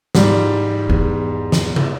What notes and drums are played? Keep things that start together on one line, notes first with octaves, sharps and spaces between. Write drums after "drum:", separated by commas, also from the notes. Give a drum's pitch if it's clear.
G#2 G3, drum: snare
E2
drum: snare
drum: tom